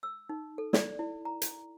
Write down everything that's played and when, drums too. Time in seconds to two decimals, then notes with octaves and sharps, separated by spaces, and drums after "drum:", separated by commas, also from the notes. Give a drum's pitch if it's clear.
0.03 E6
0.29 D#4
0.58 A4
0.73 D5, drum: snare
0.99 E4
1.25 A#5
1.42 drum: hi-hat